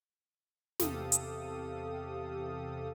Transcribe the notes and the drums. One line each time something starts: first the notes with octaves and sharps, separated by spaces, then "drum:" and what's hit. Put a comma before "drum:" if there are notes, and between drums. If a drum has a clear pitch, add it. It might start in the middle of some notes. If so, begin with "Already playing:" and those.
E2 C3 G4 A4 F5 D#6, drum: snare
drum: hi-hat